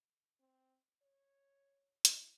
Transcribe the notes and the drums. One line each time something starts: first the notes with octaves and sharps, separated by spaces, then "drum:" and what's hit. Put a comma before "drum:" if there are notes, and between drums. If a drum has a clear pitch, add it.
C4
C#5
E4, drum: hi-hat